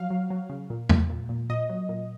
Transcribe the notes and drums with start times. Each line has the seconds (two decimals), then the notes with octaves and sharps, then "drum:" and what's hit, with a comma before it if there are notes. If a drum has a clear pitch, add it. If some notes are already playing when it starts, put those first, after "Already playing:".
Already playing: F3 F#3 F5
0.10 F#3
0.30 F#3
0.50 C#3
0.70 A#2
0.89 A#2, drum: tom E2
1.10 A#2
1.29 A#2
1.50 A#2 D#5
1.69 F#3
1.89 A#2